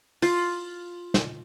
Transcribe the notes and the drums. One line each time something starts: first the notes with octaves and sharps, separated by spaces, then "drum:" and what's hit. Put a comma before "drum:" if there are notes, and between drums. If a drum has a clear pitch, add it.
F4, drum: open hi-hat
drum: snare